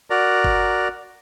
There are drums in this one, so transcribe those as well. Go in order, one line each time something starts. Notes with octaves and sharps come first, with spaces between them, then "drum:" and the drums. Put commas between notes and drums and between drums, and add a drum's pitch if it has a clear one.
F#4 A#4 D5 A#5
drum: kick G1